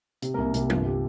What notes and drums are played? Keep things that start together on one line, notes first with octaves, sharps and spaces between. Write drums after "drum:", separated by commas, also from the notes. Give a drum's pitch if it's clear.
C3, drum: hi-hat
C2 A#3 A#4
C2 G4, drum: hi-hat
G1 F4, drum: tom E3
G4